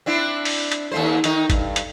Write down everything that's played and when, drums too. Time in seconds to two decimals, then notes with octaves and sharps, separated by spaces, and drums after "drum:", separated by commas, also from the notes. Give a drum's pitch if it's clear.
0.06 C4 D4 E4
0.45 drum: open hi-hat
0.72 drum: hi-hat
0.92 D#2 A3 C5
1.24 D#3 D#4, drum: hi-hat
1.50 G2, drum: kick G1, hi-hat
1.76 drum: hi-hat